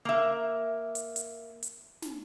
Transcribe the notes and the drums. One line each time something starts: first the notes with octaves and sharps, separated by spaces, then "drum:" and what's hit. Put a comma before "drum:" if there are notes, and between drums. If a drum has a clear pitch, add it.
A#3 E5
drum: hi-hat
drum: hi-hat
drum: hi-hat
drum: snare